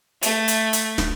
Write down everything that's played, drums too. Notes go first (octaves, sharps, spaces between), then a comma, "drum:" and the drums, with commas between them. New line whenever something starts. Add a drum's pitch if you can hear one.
A3, drum: hi-hat
drum: hi-hat
drum: hi-hat
drum: snare